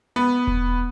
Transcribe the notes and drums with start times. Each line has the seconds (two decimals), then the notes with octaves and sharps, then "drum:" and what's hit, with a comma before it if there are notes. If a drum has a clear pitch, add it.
0.16 B3
0.47 drum: kick E1